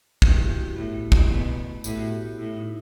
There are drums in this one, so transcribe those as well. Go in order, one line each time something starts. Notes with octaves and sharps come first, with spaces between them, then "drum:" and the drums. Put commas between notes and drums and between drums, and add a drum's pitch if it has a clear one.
G2 E4, drum: kick
G4
F#4
E4
A2 B3
A3
A3, drum: kick
B2 B3
A3
A2 G4, drum: tambourine
F#4
G4
A2 E4
D#4